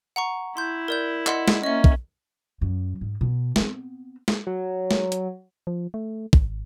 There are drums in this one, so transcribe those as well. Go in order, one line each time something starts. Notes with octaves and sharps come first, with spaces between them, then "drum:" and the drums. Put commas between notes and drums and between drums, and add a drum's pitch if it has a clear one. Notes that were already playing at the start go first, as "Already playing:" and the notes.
F#5 A#5 C#6
E4 C6 G6
A#4 D5 G6
D#5 F#5 C6, drum: clap
drum: snare
A#3 C#4 D#5 E5
drum: kick
F#2 F#3
G#2
B2
B3 C4, drum: snare
drum: snare
F#3
drum: snare
drum: hi-hat
F3
A3
G#1, drum: kick